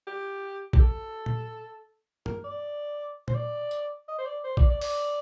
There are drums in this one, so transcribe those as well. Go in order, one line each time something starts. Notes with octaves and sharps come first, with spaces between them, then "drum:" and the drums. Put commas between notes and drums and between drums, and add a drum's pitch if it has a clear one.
G4
G4, drum: kick A#1
A4
drum: tom A#2
A#4, drum: tom G2
D5
C5, drum: tom A#2
D5
drum: tambourine
D#5
C5
D5
C5
D5, drum: kick A#1
D5
D5, drum: open hi-hat